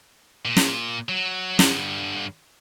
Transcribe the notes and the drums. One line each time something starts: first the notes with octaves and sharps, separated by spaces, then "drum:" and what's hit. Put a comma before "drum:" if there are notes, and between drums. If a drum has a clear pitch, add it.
A#2
drum: snare
F#3
G2 D3, drum: snare